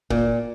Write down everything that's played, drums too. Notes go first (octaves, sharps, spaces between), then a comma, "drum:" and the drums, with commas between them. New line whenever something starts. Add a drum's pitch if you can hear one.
A#2, drum: kick